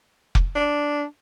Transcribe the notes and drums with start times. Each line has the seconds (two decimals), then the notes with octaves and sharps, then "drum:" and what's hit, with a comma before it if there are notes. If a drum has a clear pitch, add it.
0.35 drum: kick F1
0.55 D4